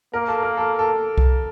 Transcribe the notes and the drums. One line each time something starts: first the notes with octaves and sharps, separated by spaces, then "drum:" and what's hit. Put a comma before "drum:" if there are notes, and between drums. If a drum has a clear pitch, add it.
A#3 A#4
A4
A#4
A4
A4
drum: kick C2